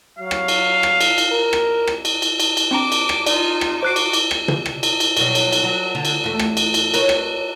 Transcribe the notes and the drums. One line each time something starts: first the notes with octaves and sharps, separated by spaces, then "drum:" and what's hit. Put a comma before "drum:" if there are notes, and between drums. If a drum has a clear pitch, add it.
F#3 F5
drum: rim click
drum: cymbal
drum: rim click
drum: cymbal
drum: cymbal
A#4
drum: rim click
drum: rim click
drum: cymbal
drum: cymbal
drum: cymbal
drum: cymbal
C4 D4 A#5 D6
drum: cymbal
drum: rim click
D#4 F4 D5, drum: cymbal
drum: rim click
F#4 C5 D6 F#6 C7
drum: cymbal
drum: cymbal
drum: rim click
drum: tom
drum: rim click
drum: cymbal
drum: cymbal
B2 F#3 G3, drum: cymbal
drum: cymbal
drum: cymbal
F#3
D3
drum: cymbal
E2 A3
drum: rim click
drum: cymbal
drum: cymbal
A#4 B4 C#5, drum: cymbal
drum: rim click